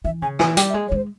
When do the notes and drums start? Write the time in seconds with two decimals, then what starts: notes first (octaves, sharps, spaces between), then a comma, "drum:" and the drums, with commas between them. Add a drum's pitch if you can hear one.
0.05 E3 E5
0.22 C#3 G#5
0.39 E3 G#5, drum: rim click
0.57 G3 G5, drum: hi-hat
0.70 E5
0.74 G#3
0.88 C#5
0.92 G#3 C5